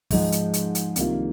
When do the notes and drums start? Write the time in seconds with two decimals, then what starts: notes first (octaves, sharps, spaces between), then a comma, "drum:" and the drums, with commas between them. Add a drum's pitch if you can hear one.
0.11 G#2 F3 G#3 D#4, drum: kick, open hi-hat
0.32 drum: hi-hat
0.53 drum: hi-hat
0.75 drum: hi-hat
0.96 C2 C3 D#3 A#3 F4, drum: hi-hat